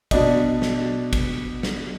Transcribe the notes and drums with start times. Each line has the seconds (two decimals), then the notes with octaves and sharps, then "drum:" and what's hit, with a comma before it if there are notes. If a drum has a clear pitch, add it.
0.11 B2 D4 D5 D#5, drum: kick, cymbal
0.62 drum: snare
1.13 drum: kick, cymbal
1.63 drum: snare